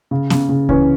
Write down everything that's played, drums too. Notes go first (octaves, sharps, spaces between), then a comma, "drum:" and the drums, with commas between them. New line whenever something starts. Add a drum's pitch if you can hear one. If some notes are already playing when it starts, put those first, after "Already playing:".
C#3
C#3, drum: snare
C#3
E3 C#4, drum: kick C#2